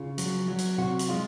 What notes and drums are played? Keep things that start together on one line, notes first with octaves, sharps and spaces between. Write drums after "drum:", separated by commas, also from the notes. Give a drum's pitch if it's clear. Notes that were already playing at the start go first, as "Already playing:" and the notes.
Already playing: C#3 F4
F#3, drum: hi-hat
F#3
drum: hi-hat
C3 F#4
drum: hi-hat
G#3 F4